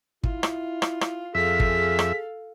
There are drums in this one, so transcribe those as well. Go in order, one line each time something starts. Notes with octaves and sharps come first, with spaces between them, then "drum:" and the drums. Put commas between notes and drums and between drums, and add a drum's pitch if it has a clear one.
E4 F4, drum: kick
drum: rim click
drum: rim click
drum: rim click
F2 G#4 A4 E5 F5 B6
drum: kick
drum: rim click